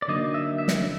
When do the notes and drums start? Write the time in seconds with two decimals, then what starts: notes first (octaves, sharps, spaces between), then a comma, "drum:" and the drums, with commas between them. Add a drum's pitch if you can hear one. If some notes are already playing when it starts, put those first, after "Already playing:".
0.02 D5
0.08 D3 F#3 A#3 D#4 D#5
0.34 E5
0.58 E5
0.68 drum: snare